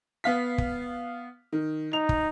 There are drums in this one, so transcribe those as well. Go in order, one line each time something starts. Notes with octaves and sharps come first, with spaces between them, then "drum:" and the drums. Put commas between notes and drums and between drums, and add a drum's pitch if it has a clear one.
B3 F5 B6
drum: kick
D#3
D#4 F7
drum: kick